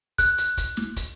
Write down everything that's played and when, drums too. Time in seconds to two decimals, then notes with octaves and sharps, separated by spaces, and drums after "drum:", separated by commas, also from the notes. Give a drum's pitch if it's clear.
0.18 F#6, drum: kick, hi-hat
0.38 drum: hi-hat
0.57 drum: kick, hi-hat
0.77 drum: snare
0.96 drum: kick, hi-hat